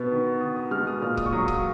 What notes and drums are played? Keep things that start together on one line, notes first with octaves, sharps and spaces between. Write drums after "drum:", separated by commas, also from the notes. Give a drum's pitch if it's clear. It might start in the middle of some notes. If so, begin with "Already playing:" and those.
Already playing: B2 B3
D#3
D#3 D#6
D#6
G#3 F6
D#6
A#2 F6
D#6, drum: kick C#1
C#6
F#3 D#6
D#6, drum: kick C#1